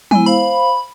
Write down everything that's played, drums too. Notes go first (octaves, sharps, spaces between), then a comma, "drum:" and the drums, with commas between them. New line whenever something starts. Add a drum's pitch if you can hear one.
G#3 B3 E4 G#5, drum: tom
C5 F5 B5